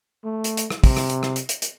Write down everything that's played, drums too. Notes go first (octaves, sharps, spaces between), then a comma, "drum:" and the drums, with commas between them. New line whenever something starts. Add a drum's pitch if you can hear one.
A3
drum: hi-hat
drum: hi-hat
drum: rim click
C3, drum: kick, open hi-hat
drum: rim click
drum: hi-hat
drum: rim click
drum: hi-hat
drum: hi-hat
drum: hi-hat